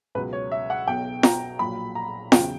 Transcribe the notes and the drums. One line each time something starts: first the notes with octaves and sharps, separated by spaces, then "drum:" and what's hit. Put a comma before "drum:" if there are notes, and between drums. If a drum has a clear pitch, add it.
C#2 B2 F#3 B4
C#5
E5
F#5
B1 B2 F#3 G5
A#5, drum: snare
A#1 A#2 F#3 B5
A#5
E2 C#3 F#3 G5, drum: snare